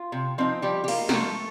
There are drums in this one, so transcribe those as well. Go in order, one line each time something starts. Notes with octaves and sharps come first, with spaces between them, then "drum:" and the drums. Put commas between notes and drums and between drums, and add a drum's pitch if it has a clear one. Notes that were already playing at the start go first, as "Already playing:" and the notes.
Already playing: F4
C3
F3 C4 D#4
F3 G3 G4
G4
A#3 D#4 F4, drum: cymbal
A#4, drum: snare
F3 A3 A4